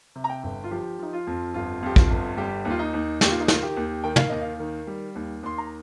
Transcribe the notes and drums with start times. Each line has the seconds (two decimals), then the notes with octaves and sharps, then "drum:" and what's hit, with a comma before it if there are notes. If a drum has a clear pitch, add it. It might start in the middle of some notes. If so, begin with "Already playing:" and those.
0.16 C3
0.24 A#5
0.30 G5
0.43 G1
0.64 F4
0.71 F3 G4
0.99 F3 D#4
1.13 F4
1.27 F2
1.54 G1 F4
1.83 F2 G4
1.96 F4, drum: kick
2.10 G1
2.37 G3 G4
2.65 D#2
2.70 F4
2.79 D#4
2.93 D#2
3.21 D#2 G4, drum: snare
3.31 F4
3.40 D#4
3.48 D#3 F4, drum: snare
3.63 G4
3.77 D#2
4.04 D#3 G5
4.16 F5, drum: tom
4.29 D#2 D#5
4.41 F5
4.59 D#3
4.87 G3
5.15 D#2
5.43 D#2 C6
5.58 A#5